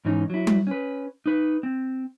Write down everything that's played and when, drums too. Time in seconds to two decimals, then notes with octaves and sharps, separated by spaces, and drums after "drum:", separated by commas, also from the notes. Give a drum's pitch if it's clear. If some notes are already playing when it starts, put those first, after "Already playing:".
0.05 G#2 E3 C#4 D#4
0.30 F#3 E4
0.47 drum: tom G3
0.67 C#4 B4
1.26 D#4 B4
1.63 C4